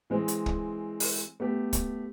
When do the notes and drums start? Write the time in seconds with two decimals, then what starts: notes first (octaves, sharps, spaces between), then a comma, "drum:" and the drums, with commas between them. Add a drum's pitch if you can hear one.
0.10 E3 G#3 C4
0.28 drum: hi-hat
0.46 drum: kick
1.00 drum: open hi-hat
1.40 A3 B3 G4
1.73 drum: kick, hi-hat